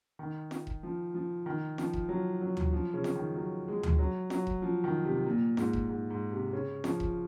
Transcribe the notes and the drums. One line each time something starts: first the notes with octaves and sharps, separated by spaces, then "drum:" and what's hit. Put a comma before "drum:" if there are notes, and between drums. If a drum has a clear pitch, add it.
D#3
drum: snare F4
drum: kick E1
F3
F3
D#3
F3, drum: snare F4
drum: kick E1
F#3
F#3
drum: tom D2
F3
C#3
drum: snare F4
D#3
F#3
G#3
drum: tom D2
F#3
F#3, drum: snare F4
drum: kick E1
F3
D#3
C3
A#2
G#2, drum: snare F4
drum: kick E1
G#2
G#2
C3
C#3
F3, drum: snare F4
drum: kick E1